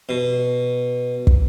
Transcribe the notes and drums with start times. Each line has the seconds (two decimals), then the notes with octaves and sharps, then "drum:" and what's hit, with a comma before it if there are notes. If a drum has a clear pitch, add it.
0.09 B2
1.27 drum: kick